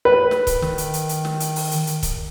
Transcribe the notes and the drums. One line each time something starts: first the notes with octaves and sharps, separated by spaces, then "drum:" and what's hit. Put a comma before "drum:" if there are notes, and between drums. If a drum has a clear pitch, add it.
B4
drum: snare
drum: kick C#1, hi-hat
D#3, drum: snare
drum: hi-hat
drum: hi-hat
drum: hi-hat
drum: snare
drum: hi-hat
drum: open hi-hat
drum: hi-hat
drum: hi-hat
drum: kick C#1, hi-hat